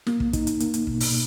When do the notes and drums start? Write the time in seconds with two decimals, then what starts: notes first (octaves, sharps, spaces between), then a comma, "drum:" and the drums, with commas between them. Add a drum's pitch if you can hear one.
0.07 A#3, drum: snare
0.20 drum: kick
0.33 D#4, drum: kick, hi-hat
0.47 drum: hi-hat
0.60 A#3, drum: hi-hat
0.74 drum: hi-hat
0.87 B2, drum: kick
1.00 drum: open hi-hat